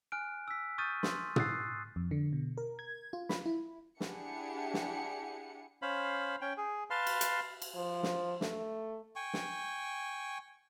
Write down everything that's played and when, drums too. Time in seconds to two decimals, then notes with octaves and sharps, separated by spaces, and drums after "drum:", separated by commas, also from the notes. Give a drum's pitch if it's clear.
0.12 G#5 F6 F#6 D7
0.48 E6 B6
0.78 C#6 D#6 F6 G6 A6 D#7
1.03 C6, drum: snare
1.36 D#6 E6 F#6 A6 C7, drum: tom
1.96 F2
2.11 D3
2.33 B2
2.58 A#4
2.79 G#6
3.13 F4
3.29 B5, drum: snare
3.46 E4
4.00 D4 E4 G4 G#4 F#5 C#7, drum: snare
4.74 drum: snare
5.82 C#4 C5 F5 B5
6.41 C#4 G5
6.57 G#4
6.90 B4 F5 A5 C6
7.07 drum: cymbal
7.21 drum: hi-hat
7.62 drum: cymbal
7.75 F3
8.03 drum: snare
8.41 A3, drum: snare
9.16 G5 G#5 C#6
9.34 drum: snare